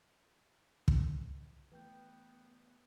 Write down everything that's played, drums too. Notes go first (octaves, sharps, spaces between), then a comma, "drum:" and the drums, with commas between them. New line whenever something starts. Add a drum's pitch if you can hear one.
drum: kick
E3 A3 B3 B4 G5 G6